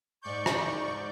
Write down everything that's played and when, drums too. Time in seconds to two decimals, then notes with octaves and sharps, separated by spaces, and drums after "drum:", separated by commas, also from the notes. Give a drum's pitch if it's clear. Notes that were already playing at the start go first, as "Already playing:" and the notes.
0.23 G#2 D5 C#6 G6
0.46 drum: rim click